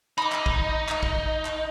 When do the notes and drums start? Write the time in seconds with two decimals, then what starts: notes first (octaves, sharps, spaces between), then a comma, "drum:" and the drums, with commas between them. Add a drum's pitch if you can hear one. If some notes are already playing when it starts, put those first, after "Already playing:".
0.18 D#4 B5 D6
0.32 drum: clap
0.46 drum: kick
0.88 drum: clap
1.03 drum: kick
1.45 drum: clap